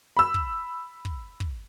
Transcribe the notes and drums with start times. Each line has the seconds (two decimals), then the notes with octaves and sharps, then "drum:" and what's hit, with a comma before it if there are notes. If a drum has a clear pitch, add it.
0.17 B5 E6
0.34 drum: kick
1.05 drum: kick
1.40 drum: kick